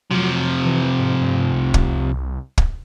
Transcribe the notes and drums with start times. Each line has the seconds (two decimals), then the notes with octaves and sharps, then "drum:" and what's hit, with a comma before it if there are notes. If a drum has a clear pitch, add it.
0.11 C3 F3 F#3
0.66 E3
0.99 G#2
1.22 G2
1.53 C2
1.74 drum: kick
2.58 drum: kick